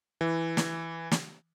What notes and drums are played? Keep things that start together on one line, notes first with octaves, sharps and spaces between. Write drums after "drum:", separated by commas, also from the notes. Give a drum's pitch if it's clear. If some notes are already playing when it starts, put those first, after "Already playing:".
E3
drum: snare
drum: snare